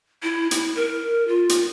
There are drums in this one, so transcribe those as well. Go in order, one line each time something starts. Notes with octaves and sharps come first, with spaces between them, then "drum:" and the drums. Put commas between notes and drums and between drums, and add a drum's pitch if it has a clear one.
E4
E4, drum: hi-hat
A#4
F4
drum: hi-hat